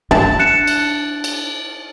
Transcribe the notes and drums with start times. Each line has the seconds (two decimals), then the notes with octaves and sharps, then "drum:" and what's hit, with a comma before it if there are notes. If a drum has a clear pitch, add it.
0.11 D4 A5
0.39 F#6 C#7 E7
0.67 drum: cymbal
1.24 drum: cymbal